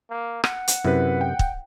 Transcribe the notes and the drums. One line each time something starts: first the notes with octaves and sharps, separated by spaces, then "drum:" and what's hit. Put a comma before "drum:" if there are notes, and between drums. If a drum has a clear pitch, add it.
A#3
F#5, drum: rim click
drum: hi-hat
F#2 C3 E4 B4
G5
drum: kick